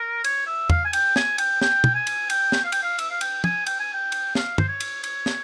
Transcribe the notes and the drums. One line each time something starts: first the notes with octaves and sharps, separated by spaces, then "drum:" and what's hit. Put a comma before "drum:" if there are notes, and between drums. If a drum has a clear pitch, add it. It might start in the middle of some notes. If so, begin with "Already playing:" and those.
Already playing: A#4
C#5, drum: cymbal
E5
F5, drum: tom
G#5
G5, drum: cymbal
G#5, drum: snare
G5, drum: cymbal
G5, drum: snare
drum: tom
G#5
drum: cymbal
G5, drum: cymbal
drum: snare
F5
G5, drum: cymbal
F5
E5, drum: cymbal
F5
G5, drum: cymbal
G#5, drum: tom
G5, drum: cymbal
G#5
G5
drum: cymbal
F5, drum: snare
C5, drum: tom
C#5
drum: cymbal
C#5, drum: cymbal
drum: snare